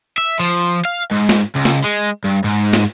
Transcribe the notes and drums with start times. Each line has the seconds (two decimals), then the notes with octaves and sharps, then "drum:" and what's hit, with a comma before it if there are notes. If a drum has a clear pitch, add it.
0.18 E5
0.40 F3
0.85 F5
1.11 G#2
1.29 drum: snare
1.55 C#2
1.65 drum: snare
1.84 G#3
2.25 G2
2.44 G#2
2.73 drum: snare